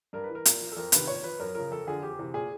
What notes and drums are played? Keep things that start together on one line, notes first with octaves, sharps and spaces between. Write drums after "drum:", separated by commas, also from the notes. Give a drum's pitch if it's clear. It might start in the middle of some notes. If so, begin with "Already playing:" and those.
G2 A#4
B4
E3
A#4
A#2, drum: hi-hat
F3
A4
F2 A#4
C3 D#3 B4, drum: hi-hat
A#2 C#5
F3 B4
F#2 A#4
C#3 F3 A#4
F2 A4
D3 F3 G#4
F2 G4
C3 E3
A#2 G#4